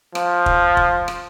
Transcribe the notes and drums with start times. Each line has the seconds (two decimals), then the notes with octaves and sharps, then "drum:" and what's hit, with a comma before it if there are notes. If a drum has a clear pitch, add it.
0.15 F3, drum: rim click
0.46 drum: kick
0.77 drum: kick
1.08 drum: rim click